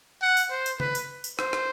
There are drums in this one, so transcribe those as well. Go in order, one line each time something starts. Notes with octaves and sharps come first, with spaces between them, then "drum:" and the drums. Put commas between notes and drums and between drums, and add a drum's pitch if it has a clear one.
F#5
drum: tambourine
C5
drum: tambourine
B4, drum: tom C3
drum: tambourine
drum: tambourine
C5, drum: rim click
drum: rim click